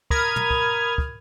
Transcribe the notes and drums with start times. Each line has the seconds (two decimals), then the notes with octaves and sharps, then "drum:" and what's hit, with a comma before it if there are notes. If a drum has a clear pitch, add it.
0.10 A#4 B5 D#6 F6 G#6, drum: kick
0.36 drum: tom
0.50 drum: kick
0.98 drum: kick